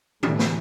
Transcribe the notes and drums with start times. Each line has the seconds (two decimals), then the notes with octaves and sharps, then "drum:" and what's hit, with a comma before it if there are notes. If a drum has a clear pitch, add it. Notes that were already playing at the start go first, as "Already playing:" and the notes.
0.23 A2 E3 A3 G4, drum: tom D3
0.39 drum: snare